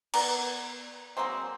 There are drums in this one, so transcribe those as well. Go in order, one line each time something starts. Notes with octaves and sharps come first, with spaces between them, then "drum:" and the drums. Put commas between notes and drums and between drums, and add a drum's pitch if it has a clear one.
B3 A#4 B4 D5, drum: cymbal
F#3 G#3 A#3 C4